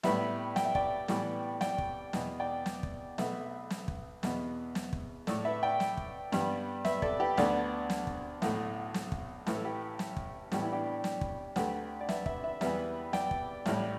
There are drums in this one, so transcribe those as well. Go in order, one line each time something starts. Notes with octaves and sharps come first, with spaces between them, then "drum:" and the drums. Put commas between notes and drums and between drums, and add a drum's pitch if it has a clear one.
A2 G3 B3 B4 E5, drum: snare
G5, drum: snare
E5
D5 G5, drum: kick
A2 E3 G3 B3, drum: snare
D5 G5, drum: snare
drum: kick
E2 B2 B3, drum: snare
D5 G5
drum: snare
drum: kick
B1 B2 A3 B4 E5, drum: snare
drum: snare
drum: kick
E2 B2 B3, drum: snare
drum: snare
drum: kick
A2 A3 A4 D5, drum: snare
B4 E5
D5 G5
drum: snare
drum: kick
G2 G3 B3, drum: snare
B4 E5, drum: snare
A4 D5, drum: kick
G4 B4
D2 D3 B3 A4 D5, drum: snare
drum: snare
drum: kick
B1 A2 A3, drum: snare
drum: snare
drum: kick
A1 A2 A3 B4, drum: snare
A4
G4 B4
drum: snare
drum: kick
A2 E3 G3 B3 G4, drum: snare
E4
D4 G4
drum: snare
drum: kick
D2 D3 A3 G4 B4, drum: snare
D5
B4 E5, drum: snare
B4 E5, drum: kick
B4 E5
E2 E3 G3 B3 B4 E5, drum: snare
D5 G5, drum: snare
drum: kick
A1 A2 G3, drum: snare